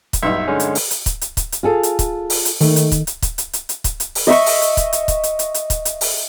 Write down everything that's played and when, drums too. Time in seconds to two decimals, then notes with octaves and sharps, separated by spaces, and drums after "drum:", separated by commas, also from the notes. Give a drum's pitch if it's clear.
0.13 drum: kick, hi-hat
0.23 B1 G2 D#4 E5
0.48 D3 G#3 C#4
0.60 drum: hi-hat
0.75 drum: open hi-hat
0.91 drum: hi-hat
1.06 drum: kick, hi-hat
1.21 drum: hi-hat
1.37 drum: kick, hi-hat
1.52 drum: hi-hat
1.63 F4 G#4 A4
1.83 drum: hi-hat
1.99 drum: kick, hi-hat
2.30 drum: open hi-hat
2.45 drum: hi-hat
2.61 D#3 A3, drum: open hi-hat
2.76 drum: hi-hat
2.92 drum: kick, hi-hat
3.07 drum: hi-hat
3.22 drum: kick, hi-hat
3.38 drum: hi-hat
3.53 drum: hi-hat
3.69 drum: hi-hat
3.84 drum: kick, hi-hat
4.00 drum: hi-hat
4.15 drum: open hi-hat
4.27 D#5 E5 C#6
4.46 drum: open hi-hat
4.62 drum: hi-hat
4.77 drum: kick, hi-hat
4.93 drum: hi-hat
5.08 drum: kick, hi-hat
5.23 drum: hi-hat
5.39 drum: hi-hat
5.54 drum: hi-hat
5.70 drum: kick, hi-hat
5.85 drum: hi-hat
6.01 drum: open hi-hat